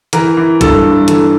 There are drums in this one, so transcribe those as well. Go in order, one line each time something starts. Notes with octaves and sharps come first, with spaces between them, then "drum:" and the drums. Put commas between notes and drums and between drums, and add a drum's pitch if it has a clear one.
E3 A#4, drum: hi-hat
E3
G2 A4, drum: kick, hi-hat
G2
E3 A4, drum: hi-hat